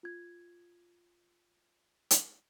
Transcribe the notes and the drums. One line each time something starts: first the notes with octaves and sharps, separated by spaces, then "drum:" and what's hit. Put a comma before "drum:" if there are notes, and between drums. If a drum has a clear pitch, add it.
F4 G#6
drum: hi-hat